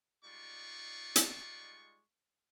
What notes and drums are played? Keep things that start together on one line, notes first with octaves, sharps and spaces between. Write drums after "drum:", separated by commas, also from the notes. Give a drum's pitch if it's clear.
G3 G#3 D#4 F4 D5 C#6
drum: hi-hat